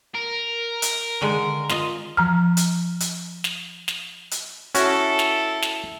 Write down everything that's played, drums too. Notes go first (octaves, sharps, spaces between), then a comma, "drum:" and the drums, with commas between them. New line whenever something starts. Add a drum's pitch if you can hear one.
A#4
drum: hi-hat
D3 D#3 G#3
F4 D#5, drum: snare
F3 A#5 F6
drum: hi-hat
drum: hi-hat
drum: snare
drum: snare
drum: hi-hat
C#4 E4 F#4 A4, drum: hi-hat
drum: snare
drum: snare